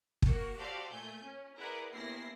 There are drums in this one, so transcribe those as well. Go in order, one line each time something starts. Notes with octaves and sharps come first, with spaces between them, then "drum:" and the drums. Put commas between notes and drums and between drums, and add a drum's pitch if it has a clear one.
A#3 F#4, drum: kick
F#4 G4 A4 C5 D5 F5
A#2 A3 G#5 G6
C#4
E4 G#4 A#4 B4 D5 F#5
G1 A#3 B3 E4 A#6 C7